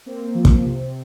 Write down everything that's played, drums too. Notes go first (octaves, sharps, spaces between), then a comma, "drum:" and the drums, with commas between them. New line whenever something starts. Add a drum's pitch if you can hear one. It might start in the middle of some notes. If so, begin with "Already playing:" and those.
A#3 C4
F3
drum: kick
C3